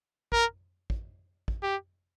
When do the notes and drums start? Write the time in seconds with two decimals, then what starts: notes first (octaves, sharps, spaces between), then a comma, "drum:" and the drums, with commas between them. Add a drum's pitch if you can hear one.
0.32 A#4, drum: kick
0.90 drum: kick
1.48 drum: kick
1.63 G4